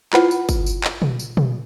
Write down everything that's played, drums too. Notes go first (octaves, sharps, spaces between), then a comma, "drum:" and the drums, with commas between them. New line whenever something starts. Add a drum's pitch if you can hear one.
E4 F4 B4 F#5, drum: clap
drum: tambourine
drum: kick G1, tambourine
drum: tambourine
drum: clap
drum: tom
drum: tambourine
drum: tom